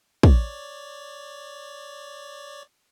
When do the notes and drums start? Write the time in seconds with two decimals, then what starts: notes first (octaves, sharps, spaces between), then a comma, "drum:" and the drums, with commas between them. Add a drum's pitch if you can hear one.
0.23 C#5 D5, drum: kick